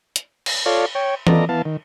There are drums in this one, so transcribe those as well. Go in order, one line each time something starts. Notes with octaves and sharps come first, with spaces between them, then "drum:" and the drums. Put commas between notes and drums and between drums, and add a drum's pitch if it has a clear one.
drum: hi-hat
drum: cymbal
F4 A4 C#5 D5 F5
C#5 G5
B3 F4 A4 D5 D#5 A#5, drum: tom E3
E3 B3 F5 A5
D#3